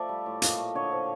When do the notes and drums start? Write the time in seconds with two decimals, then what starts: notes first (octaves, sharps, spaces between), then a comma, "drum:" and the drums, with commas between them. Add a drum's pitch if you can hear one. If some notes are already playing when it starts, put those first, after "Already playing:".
Already playing: F3 A3 D5 E5
0.09 G3
0.26 A2
0.42 A#2 D#5 F5, drum: hi-hat
0.58 A3
0.75 D3 C#5 D#5
0.92 F3